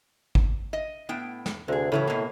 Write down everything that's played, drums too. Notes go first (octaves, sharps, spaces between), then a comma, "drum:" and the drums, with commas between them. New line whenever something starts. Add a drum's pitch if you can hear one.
drum: kick G#1
D#5
A2 B3 G5
drum: snare
D2 C3 G#4
A2 C#3 E3 F#3
B2 A#3